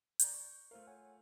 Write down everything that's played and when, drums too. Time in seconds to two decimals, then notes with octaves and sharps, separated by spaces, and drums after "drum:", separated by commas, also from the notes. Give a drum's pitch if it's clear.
0.20 D5 A#5 G6, drum: hi-hat
0.34 C#6
0.71 A3 F4 A#4 C5 F5 F6
0.87 C#5 F#5 G#5